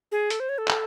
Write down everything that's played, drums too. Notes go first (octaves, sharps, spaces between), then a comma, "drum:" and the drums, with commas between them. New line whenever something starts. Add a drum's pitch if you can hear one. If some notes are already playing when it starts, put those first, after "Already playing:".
G#4
A4, drum: hi-hat
C5
C#5
A4
drum: clap